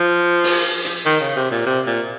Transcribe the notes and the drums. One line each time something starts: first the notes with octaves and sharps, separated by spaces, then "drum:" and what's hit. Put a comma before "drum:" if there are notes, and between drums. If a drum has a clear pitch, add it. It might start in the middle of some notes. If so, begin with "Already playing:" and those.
Already playing: F3
drum: open hi-hat
drum: hi-hat
D#3
C#3
C3
A#2
C3
A#2